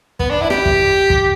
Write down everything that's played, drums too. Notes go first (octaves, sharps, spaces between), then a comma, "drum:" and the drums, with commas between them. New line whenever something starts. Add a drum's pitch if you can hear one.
B3, drum: kick
D4
E4
G4, drum: rim click
drum: kick
drum: kick